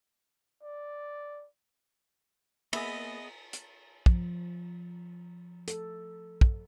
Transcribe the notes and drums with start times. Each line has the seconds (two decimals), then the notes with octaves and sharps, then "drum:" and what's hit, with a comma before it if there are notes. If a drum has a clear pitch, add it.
0.63 D5
2.73 A#3 B3 G#4 D#5 E5, drum: cymbal
3.53 drum: hi-hat
4.06 F3, drum: kick
5.68 A4, drum: hi-hat
6.41 drum: kick